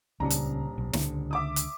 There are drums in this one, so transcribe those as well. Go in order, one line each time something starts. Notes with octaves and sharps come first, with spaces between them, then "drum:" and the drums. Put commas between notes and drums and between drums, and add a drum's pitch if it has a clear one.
D#1 C#2 C#3 C#4 D4 A#5
drum: hi-hat
B1
C#2 D3, drum: snare
E5 D6 D#6
drum: hi-hat